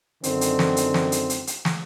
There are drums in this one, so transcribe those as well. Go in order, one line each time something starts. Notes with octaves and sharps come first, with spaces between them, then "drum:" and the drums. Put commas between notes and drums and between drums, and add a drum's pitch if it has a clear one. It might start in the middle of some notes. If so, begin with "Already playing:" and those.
F#2 D3 D#3 C4, drum: hi-hat
drum: hi-hat
drum: snare
drum: hi-hat
drum: snare
drum: hi-hat
drum: hi-hat
drum: hi-hat
drum: snare